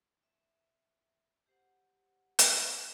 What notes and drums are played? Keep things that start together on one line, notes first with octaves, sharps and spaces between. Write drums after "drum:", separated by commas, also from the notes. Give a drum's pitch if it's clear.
E5
G4 C5 F#5
drum: hi-hat
B3 C#4 F#4 C#5 E5 C6